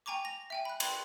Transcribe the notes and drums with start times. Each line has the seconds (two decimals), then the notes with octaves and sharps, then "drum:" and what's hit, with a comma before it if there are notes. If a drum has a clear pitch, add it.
0.06 G5 G#5 A#5 C#6 D6
0.25 A#6 F7
0.50 E5 G5 G#5
0.65 B5 F#6
0.80 G5 B5 C6 G#6, drum: cymbal